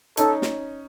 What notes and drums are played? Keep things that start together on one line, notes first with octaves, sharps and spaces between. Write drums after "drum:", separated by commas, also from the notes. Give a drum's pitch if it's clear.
C#4 D#4 A4, drum: hi-hat
drum: snare